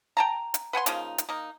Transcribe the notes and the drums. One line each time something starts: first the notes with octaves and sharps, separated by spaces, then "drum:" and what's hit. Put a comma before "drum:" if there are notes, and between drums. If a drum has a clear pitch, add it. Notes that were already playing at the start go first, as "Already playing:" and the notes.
G5 A5 A#5
drum: hi-hat
B4 F#5 G#5 C6
C#3 F3 A#3 D#4, drum: hi-hat
drum: hi-hat
A#3 D#4